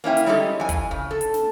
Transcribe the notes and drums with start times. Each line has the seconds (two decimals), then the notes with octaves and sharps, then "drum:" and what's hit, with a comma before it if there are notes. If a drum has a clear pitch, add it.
0.04 A#3 C#4 E4 G5
0.17 drum: hi-hat
0.26 G3 G#3 C#4 D#4 G4 A4
0.60 F2 G#5
0.69 drum: kick, hi-hat
0.91 C#3
1.11 A4
1.21 drum: hi-hat
1.34 drum: snare